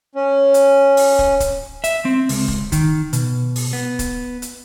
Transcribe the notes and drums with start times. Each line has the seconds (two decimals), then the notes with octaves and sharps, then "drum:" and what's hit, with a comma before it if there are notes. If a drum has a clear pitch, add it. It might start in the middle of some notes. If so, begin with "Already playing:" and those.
0.15 C#4
0.54 drum: hi-hat
0.97 drum: open hi-hat
1.19 drum: kick
1.40 drum: kick, hi-hat
1.84 E5, drum: hi-hat
2.05 C4
2.29 C#2, drum: open hi-hat
2.48 drum: kick
2.72 D#3, drum: kick, hi-hat
3.13 B2, drum: hi-hat
3.56 drum: open hi-hat
3.73 B3
3.99 drum: kick, hi-hat
4.42 drum: hi-hat